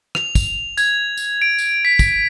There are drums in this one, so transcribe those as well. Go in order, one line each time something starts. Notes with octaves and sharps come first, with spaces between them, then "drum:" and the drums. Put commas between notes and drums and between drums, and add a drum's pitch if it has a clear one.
F7, drum: rim click
drum: kick, tambourine
G#6, drum: tambourine
drum: tambourine
D7
drum: tambourine
B6
drum: kick, tambourine